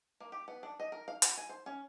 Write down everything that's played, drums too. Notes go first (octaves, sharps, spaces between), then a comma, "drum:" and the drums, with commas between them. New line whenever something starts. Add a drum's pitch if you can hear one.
A#3
G4
B3
D4
D#5
A#4
F5
F#4, drum: hi-hat
G#5
C5
C#4